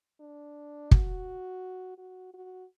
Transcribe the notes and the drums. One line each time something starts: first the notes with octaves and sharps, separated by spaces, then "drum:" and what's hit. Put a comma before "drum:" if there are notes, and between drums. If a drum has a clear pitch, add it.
D4
F#4, drum: kick
F#4
F#4